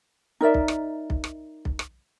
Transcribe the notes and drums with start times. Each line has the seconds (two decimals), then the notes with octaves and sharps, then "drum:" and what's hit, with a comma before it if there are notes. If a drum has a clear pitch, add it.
0.41 D#4 A#4 D5 E5
0.54 drum: kick B1
0.68 drum: rim click
1.10 drum: kick B1
1.24 drum: rim click
1.65 drum: kick B1
1.79 drum: rim click